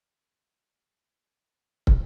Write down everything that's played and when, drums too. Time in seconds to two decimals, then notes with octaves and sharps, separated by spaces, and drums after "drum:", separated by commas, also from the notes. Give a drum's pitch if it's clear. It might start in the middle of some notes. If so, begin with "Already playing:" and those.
Already playing: D3 D5
0.23 F2
0.51 D3
0.80 A2
1.09 A2
1.37 A2
1.87 drum: kick